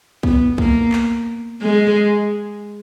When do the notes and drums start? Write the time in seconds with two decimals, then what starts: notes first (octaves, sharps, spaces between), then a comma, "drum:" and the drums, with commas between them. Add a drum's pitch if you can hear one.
0.23 B3, drum: kick
0.58 A#3, drum: kick
0.92 drum: clap
1.62 G#3